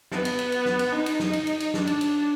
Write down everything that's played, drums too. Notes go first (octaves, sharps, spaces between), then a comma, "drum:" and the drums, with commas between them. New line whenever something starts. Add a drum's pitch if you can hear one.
B3, drum: snare
drum: cymbal
drum: cymbal
drum: cymbal
drum: snare
drum: cymbal
D#4
drum: cymbal
drum: snare
drum: cymbal
drum: cymbal
drum: cymbal
D4, drum: snare
drum: cymbal
drum: cymbal